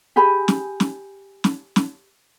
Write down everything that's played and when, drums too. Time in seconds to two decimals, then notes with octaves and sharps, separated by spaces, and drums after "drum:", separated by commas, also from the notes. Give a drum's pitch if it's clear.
0.16 G4 G#4 G#5 B5
0.48 drum: snare
0.80 drum: snare
1.44 drum: snare
1.76 drum: snare